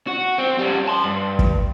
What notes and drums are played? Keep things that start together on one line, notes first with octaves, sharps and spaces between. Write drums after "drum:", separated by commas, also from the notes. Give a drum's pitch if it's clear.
F#4
C4
G3 C#4
A5 C6
G2
drum: kick